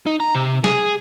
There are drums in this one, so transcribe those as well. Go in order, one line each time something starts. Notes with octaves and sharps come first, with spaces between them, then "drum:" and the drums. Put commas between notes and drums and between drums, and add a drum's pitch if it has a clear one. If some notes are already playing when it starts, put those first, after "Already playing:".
D#4
A#5
C3
G#4, drum: snare